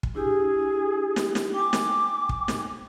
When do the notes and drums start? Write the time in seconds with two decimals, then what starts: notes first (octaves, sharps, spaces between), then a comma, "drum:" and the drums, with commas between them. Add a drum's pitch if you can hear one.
0.03 drum: kick
0.15 D4 E4 G4 G#4
1.16 drum: snare
1.35 drum: snare
1.54 G5 G#5 D6
1.73 drum: snare
2.29 drum: kick
2.48 drum: snare